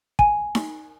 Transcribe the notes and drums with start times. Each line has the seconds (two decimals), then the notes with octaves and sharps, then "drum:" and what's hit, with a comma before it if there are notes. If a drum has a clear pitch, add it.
0.19 G#5, drum: kick
0.55 drum: snare D#4